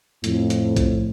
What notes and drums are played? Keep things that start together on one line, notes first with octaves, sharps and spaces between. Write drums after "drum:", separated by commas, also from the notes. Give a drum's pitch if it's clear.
F2 A2, drum: hi-hat
drum: hi-hat
drum: kick B1, hi-hat